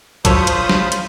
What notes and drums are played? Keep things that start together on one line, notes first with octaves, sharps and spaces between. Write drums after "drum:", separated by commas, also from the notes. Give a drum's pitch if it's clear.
F#2 D4 F4 A4 C5 C#5 B5 D#6, drum: kick A#1, hi-hat
drum: hi-hat
drum: snare
drum: hi-hat